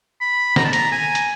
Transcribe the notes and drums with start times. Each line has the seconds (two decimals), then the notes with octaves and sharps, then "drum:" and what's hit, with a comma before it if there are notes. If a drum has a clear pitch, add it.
0.21 B5
0.56 A#5, drum: snare
0.64 A5
0.73 A#5, drum: hi-hat
0.92 G#5
1.15 drum: hi-hat